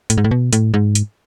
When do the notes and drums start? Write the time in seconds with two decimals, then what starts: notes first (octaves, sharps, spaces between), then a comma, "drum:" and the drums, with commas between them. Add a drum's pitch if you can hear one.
0.10 A2, drum: hi-hat
0.18 G#2
0.24 A2
0.31 B2
0.53 A2, drum: hi-hat
0.74 G#2
0.95 drum: hi-hat